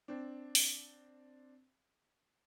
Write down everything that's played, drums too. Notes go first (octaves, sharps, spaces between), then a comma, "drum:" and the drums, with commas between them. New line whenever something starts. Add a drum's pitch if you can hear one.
C4 D4
drum: open hi-hat